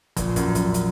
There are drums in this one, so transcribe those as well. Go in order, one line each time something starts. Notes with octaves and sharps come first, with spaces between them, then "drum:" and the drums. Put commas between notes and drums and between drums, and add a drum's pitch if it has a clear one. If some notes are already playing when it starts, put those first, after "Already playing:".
A#1 A#2, drum: kick, hi-hat
F#2, drum: hi-hat
F#2, drum: hi-hat
drum: hi-hat